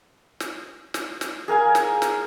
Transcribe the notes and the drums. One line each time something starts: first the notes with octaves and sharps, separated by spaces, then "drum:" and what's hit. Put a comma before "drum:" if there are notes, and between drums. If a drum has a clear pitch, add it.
drum: snare
drum: snare
drum: snare
G#4 A#4 F5 G#5
drum: snare
drum: snare